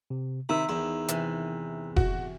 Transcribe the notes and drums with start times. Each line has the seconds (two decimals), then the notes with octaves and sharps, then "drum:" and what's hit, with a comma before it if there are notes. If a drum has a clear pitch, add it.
0.10 C3
0.49 C3 D#3 A#5 B5 E6
0.69 E2 E4
1.08 C3 E3, drum: hi-hat
1.96 F#4, drum: kick F1